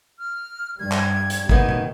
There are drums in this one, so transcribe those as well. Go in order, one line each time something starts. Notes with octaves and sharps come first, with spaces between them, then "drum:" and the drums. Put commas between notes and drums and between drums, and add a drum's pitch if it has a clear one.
F6
G2 G3 G#6
drum: clap
drum: hi-hat
D#2 C3 D#3 F#3 B3, drum: kick
drum: tom A#2